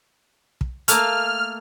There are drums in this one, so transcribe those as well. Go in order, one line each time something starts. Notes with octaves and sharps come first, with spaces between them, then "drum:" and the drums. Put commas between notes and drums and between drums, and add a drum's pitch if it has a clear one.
drum: kick
A3 A#3 F4 F6, drum: hi-hat